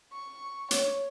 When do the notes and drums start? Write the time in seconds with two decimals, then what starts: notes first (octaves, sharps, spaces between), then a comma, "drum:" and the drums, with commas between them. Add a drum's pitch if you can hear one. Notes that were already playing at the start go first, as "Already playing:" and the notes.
0.12 C#6
0.71 C#5, drum: hi-hat